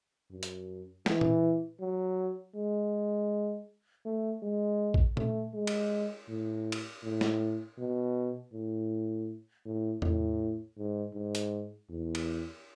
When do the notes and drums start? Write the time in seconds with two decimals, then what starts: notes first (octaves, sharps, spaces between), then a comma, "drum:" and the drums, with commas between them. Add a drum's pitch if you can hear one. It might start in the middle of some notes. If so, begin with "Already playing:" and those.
0.31 F#2
0.43 drum: hi-hat
1.06 E3, drum: snare
1.21 drum: tom A#2
1.80 F#3
2.56 G#3
4.05 A3
4.42 G#3
4.94 drum: kick A#1
5.17 A3, drum: tom A#2
5.54 G#3
5.67 drum: cymbal
6.29 A2
6.72 drum: cymbal
7.03 A2
7.21 drum: snare
7.78 B2
8.53 A2
9.66 A2
10.02 A2, drum: tom E2
10.78 G#2
11.14 G#2
11.35 drum: hi-hat
11.89 E2
12.15 drum: cymbal